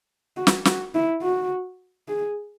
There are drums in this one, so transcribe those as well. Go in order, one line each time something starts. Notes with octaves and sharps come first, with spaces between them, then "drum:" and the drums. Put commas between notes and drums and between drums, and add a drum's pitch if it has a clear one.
F#4
drum: snare
F#4, drum: snare
E4
F#4
G#4